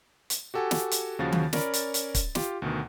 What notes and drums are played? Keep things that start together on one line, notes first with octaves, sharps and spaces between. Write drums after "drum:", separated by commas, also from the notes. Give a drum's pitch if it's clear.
drum: hi-hat
F#4 G4 A4 F#5 G#5
drum: snare
drum: hi-hat
D#2 C#3 F3 F#4 F5 A6
drum: tom D#3
C#4 A#4 C#5 D5 B5, drum: snare
drum: hi-hat
drum: hi-hat
drum: kick, hi-hat
F4 G4, drum: snare
D2 B2 D#3